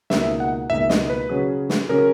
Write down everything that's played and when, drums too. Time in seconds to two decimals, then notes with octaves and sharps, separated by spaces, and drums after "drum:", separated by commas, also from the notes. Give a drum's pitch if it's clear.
0.10 C#2 B2 A#3 D#4 E5, drum: snare
0.40 F#5
0.70 C#2 B2 A#3 D#4 E5
0.89 D#5, drum: snare
1.10 B4
1.29 C#3 F#3 C#4 G#4
1.69 drum: snare
1.89 C#3 F#3 C#4 G#4 A#4